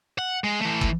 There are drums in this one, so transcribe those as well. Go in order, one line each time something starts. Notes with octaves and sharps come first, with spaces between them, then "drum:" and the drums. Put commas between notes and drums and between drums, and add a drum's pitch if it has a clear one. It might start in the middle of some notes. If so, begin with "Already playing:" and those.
F#5
G#3
E3 A3
drum: kick